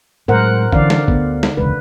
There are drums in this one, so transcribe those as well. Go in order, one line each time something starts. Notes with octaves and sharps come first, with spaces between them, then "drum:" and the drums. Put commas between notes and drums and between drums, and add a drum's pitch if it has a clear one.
A2 F#3 G#3 A#4 C5 F#5
D3 E3 C#4 D5 F5, drum: kick G#1
drum: snare
D2 B3, drum: kick G#1
drum: snare
E1 C#2 B4